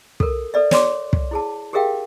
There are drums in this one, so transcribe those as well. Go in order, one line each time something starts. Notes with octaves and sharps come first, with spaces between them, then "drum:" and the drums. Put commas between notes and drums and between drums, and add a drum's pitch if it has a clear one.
A4 A#4, drum: kick
A4 B4 D5 E5
C#5 D5 C6 D6, drum: snare
drum: kick
E4 G#4 A5
G4 G#4 A#4 E5 F5 G5